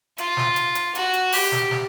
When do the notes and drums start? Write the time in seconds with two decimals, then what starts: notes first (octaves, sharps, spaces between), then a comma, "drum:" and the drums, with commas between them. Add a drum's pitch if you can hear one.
0.18 F4, drum: hi-hat
0.37 drum: snare
0.56 drum: hi-hat
0.75 drum: hi-hat
0.95 F#4, drum: hi-hat
1.14 drum: hi-hat
1.32 G4, drum: open hi-hat
1.52 drum: snare
1.71 drum: snare